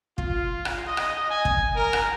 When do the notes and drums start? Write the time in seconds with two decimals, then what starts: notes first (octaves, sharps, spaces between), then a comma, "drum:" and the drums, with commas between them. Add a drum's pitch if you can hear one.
0.18 F4, drum: kick
0.65 drum: rim click
0.86 D#5
0.97 drum: rim click
1.29 G#5
1.45 drum: kick
1.76 A#4
1.93 drum: rim click